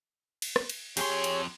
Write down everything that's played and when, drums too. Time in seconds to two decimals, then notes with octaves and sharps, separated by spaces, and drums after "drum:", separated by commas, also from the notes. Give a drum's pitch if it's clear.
0.42 drum: cymbal
0.56 drum: rim click
0.70 drum: cymbal
0.97 F2 G4 G#4 C#5 C6, drum: cymbal
1.24 drum: cymbal